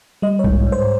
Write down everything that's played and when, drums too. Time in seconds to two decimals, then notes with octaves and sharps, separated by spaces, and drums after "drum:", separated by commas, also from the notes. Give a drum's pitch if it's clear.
0.22 G3 D#5
0.39 C#5
0.44 G#2, drum: kick B1
0.66 G#2
0.72 C5